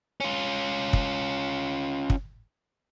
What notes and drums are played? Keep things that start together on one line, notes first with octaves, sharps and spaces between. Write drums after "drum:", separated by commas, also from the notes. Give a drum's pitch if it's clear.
C#4 F4
drum: kick
drum: kick